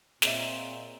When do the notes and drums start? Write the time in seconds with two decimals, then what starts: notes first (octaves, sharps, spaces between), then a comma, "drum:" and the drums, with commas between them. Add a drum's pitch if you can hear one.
0.22 A#2 C4 G#4 C#5 D#5 E5 A#5, drum: snare